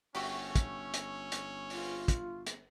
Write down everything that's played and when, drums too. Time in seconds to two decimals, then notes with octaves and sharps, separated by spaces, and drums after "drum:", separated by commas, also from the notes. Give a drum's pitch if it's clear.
0.15 G1 A3 C#4 F#4 G4, drum: open hi-hat
0.56 drum: kick, hi-hat
0.94 drum: hi-hat
1.32 drum: hi-hat
1.70 F4, drum: open hi-hat
2.08 drum: kick, hi-hat
2.47 drum: hi-hat